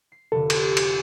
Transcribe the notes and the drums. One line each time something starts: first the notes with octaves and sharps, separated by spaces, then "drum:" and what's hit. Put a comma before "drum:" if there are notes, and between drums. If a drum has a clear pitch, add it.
C7
F1 D3 A4
G4 C6, drum: cymbal
drum: cymbal